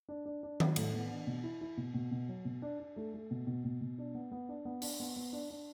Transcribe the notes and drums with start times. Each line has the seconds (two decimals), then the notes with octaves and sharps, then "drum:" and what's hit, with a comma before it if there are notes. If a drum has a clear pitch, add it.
0.09 D4
0.26 D4
0.43 D4
0.60 F#3, drum: tom D#3
0.76 A2, drum: cymbal
0.94 B3
1.10 D4
1.27 B2
1.44 E4
1.61 E4
1.77 B2
1.94 B2
2.11 B2
2.28 F#3
2.45 B2
2.62 D4
2.80 D4
2.96 A3
3.14 A3
3.31 B2
3.47 B2
3.65 B2
3.81 B2
3.98 D4
4.15 B3
4.32 B3
4.49 D4
4.65 B3
4.82 D4, drum: open hi-hat
5.00 B3
5.16 B3
5.33 D4
5.50 D4